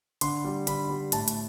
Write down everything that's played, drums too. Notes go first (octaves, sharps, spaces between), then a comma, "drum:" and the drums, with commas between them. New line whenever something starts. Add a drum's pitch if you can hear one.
D3 C6, drum: hi-hat
G3
D3 B5, drum: hi-hat
G3
A2 A5, drum: hi-hat
drum: hi-hat